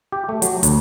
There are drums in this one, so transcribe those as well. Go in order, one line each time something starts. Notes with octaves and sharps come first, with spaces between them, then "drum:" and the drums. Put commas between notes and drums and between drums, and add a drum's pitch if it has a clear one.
G4
A3
F#3, drum: hi-hat
D2, drum: hi-hat